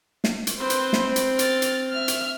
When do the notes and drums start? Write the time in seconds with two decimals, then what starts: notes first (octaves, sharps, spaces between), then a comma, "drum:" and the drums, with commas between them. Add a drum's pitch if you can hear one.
0.24 drum: snare
0.47 drum: hi-hat
0.60 C4 B4 C5
0.70 drum: hi-hat
0.93 drum: snare
1.16 drum: hi-hat
1.39 F6 A6, drum: hi-hat
1.62 drum: hi-hat
1.92 E5 F6
2.08 drum: hi-hat